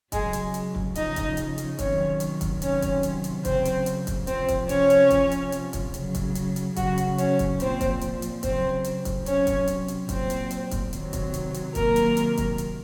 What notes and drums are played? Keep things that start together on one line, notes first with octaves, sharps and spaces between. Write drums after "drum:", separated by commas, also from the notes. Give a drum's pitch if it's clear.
C#3 F#3 G#3 G#4, drum: kick, hi-hat
drum: hi-hat
drum: hi-hat
drum: kick
C#3 F3 D#4 D#5, drum: hi-hat
drum: kick, hi-hat
drum: hi-hat
drum: hi-hat
C3 D#3 F#3 C#4 C#5, drum: kick, hi-hat
drum: hi-hat
drum: kick, hi-hat
C3 D#3 F#3 C#4 C#5, drum: hi-hat
drum: kick, hi-hat
drum: hi-hat
drum: hi-hat
C#3 F#3 C4 C5, drum: kick, hi-hat
drum: hi-hat
drum: hi-hat
drum: kick, hi-hat
C3 F3 C4 C5, drum: hi-hat
drum: kick, hi-hat
C#4 C#5, drum: hi-hat
drum: hi-hat
C3 F3, drum: kick, hi-hat
drum: hi-hat
drum: hi-hat
drum: kick, hi-hat
C#3 F#3, drum: hi-hat
drum: kick, hi-hat
drum: hi-hat
drum: hi-hat
C#3 F#3 F#4, drum: kick, hi-hat
drum: hi-hat
C#4 C#5, drum: hi-hat
drum: kick, hi-hat
A#2 F3 C4 C5, drum: hi-hat
drum: kick, hi-hat
drum: hi-hat
drum: hi-hat
C#3 F#3 C4 C5, drum: kick, hi-hat
drum: hi-hat
drum: kick, hi-hat
C3 F#3 C#4 C#5, drum: hi-hat
drum: kick, hi-hat
drum: hi-hat
drum: hi-hat
A#2 F#3 C4 C5, drum: kick, hi-hat
drum: hi-hat
drum: hi-hat
drum: kick, hi-hat
C3 D#3 F#3, drum: hi-hat
drum: kick, hi-hat
drum: hi-hat
drum: hi-hat
C3 D#3 F#3 A#3 A#4, drum: kick, hi-hat
drum: hi-hat
drum: hi-hat
drum: kick, hi-hat
drum: hi-hat